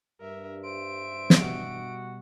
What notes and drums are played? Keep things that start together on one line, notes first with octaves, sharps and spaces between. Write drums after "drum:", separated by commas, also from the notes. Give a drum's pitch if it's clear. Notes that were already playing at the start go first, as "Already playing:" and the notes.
G2 A#4 E5
C5 E5 D7
drum: snare
B2 G3 F#4